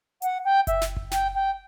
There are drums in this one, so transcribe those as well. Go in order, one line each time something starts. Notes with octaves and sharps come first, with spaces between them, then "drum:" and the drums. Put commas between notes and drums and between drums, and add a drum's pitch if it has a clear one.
F#5, drum: hi-hat
G5
E5, drum: kick F#1, hi-hat
drum: snare
drum: kick F#1
G5, drum: snare
G5